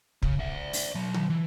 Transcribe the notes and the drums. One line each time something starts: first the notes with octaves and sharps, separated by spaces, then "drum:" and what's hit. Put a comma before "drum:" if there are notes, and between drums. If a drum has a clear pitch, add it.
C#3, drum: kick
D5 E5
drum: open hi-hat
F#3 B4
drum: tom D3
E3